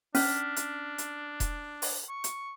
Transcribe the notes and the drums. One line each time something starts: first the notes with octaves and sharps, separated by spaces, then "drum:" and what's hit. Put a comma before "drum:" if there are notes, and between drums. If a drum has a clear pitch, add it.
C#4 D4 F6 B6, drum: open hi-hat
drum: hi-hat
drum: hi-hat
drum: kick E1, hi-hat
drum: open hi-hat
C#6
drum: hi-hat